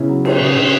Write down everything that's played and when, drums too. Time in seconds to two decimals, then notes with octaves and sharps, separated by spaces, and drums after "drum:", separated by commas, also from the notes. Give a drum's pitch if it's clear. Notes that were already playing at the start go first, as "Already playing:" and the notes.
Already playing: C#3 B3 E4
0.08 F#3
0.25 C#4, drum: cymbal
0.40 C#3
0.56 C#3